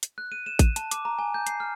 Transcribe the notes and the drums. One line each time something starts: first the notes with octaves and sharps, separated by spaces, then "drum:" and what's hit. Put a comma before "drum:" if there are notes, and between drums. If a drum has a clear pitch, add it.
drum: hi-hat
F#6
D#7
E7
D#7, drum: kick A1, hi-hat
A5, drum: hi-hat
D6, drum: hi-hat
A#5
G#5
G6
C7, drum: hi-hat
F6